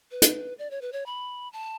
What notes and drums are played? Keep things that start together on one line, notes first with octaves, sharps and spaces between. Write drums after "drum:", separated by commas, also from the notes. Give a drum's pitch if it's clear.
B4
drum: hi-hat
D5
C#5
B4
C#5
B5
A5